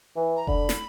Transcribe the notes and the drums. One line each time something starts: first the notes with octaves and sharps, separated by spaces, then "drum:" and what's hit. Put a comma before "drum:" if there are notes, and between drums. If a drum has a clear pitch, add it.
E3
A#5
D3 B5, drum: kick F1
drum: snare